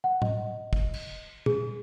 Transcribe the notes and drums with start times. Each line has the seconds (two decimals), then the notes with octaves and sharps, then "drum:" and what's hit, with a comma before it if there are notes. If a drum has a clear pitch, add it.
0.04 F#5
0.22 D#5, drum: tom A2
0.73 drum: kick
0.94 drum: cymbal
1.46 G#4, drum: tom